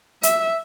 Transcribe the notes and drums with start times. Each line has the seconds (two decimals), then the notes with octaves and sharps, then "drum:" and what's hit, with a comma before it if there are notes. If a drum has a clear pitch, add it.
0.23 E5, drum: hi-hat